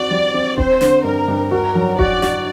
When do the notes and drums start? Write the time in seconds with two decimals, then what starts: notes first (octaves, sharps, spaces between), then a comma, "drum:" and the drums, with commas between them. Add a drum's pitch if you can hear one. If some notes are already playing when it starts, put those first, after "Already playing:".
Already playing: C4 F#4 D5
0.11 G3
0.34 C4
0.58 C4 C5, drum: kick D#1
0.81 D3, drum: snare
1.04 G2 A#4
1.28 G2
1.51 F#4 A#4
1.75 F#3
1.99 F#4 D5, drum: kick D#1
2.22 F#4, drum: snare